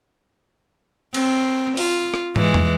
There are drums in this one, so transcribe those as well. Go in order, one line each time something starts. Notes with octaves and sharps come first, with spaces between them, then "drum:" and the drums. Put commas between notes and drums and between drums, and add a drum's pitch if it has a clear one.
C4, drum: cymbal
F4, drum: open hi-hat
drum: rim click
E3 G#3, drum: tom
drum: tom E2